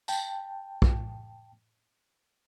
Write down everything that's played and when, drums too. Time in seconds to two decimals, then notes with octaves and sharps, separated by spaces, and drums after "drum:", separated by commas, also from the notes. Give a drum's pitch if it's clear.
0.08 G5 A5, drum: tambourine
0.82 drum: kick